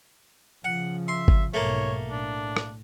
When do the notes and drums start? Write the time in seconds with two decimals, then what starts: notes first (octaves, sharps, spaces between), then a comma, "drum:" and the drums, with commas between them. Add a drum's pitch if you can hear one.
0.64 C#3 F3 F#5
1.08 E5 C6
1.28 drum: kick G#1
1.54 B1 G#2 A3 A#3 C#5
2.11 A2 D4
2.57 drum: rim click